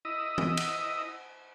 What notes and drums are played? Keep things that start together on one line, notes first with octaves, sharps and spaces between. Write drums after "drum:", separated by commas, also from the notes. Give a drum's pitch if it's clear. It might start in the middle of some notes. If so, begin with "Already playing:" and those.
E4 D#5
drum: tom E3
drum: cymbal